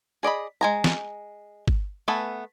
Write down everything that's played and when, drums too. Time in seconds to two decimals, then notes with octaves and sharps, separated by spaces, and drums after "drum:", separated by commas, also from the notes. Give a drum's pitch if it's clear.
0.23 G#4 D5 D#5 B5
0.61 G#3 G#5 A#5
0.84 drum: snare
1.68 drum: kick
2.08 A3 B3 A4 B4 G#5